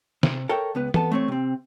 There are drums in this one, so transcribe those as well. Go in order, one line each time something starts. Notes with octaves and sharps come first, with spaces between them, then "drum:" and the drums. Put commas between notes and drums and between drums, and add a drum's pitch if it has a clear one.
C3, drum: snare
A4 A#4 C#5 E5 G5
C#2 B3 B4
B3 A4 A5, drum: tom E3
A3 C4 C#5
C3 C4